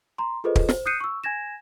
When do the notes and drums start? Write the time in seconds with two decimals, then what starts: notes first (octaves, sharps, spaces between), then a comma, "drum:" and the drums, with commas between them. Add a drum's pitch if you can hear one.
0.18 A#5 C6
0.44 F4 G#4 A4 B4 C5 D#5
0.56 drum: kick
0.69 C5, drum: snare
0.86 D#6 F#6 G6 C7 C#7 D#7
1.00 C#6 E6
1.24 G#5 G#6 A#6 E7